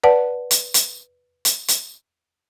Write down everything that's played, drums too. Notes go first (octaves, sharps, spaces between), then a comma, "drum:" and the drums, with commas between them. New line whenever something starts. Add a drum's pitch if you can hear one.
B4 D5 F#5 A5
drum: hi-hat
drum: hi-hat
drum: hi-hat
drum: hi-hat